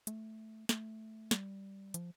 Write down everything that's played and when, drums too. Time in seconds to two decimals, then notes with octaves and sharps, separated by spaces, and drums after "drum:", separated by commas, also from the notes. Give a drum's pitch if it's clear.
0.07 A3, drum: hi-hat
0.69 A3, drum: snare
1.31 G3, drum: snare
1.94 F3, drum: hi-hat